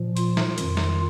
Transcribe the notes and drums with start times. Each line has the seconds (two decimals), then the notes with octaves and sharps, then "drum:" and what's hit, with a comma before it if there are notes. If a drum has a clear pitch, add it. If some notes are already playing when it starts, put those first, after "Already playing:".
Already playing: A#2 F3
0.17 F4, drum: hi-hat
0.37 drum: snare
0.58 F2 D#3, drum: hi-hat
0.77 drum: snare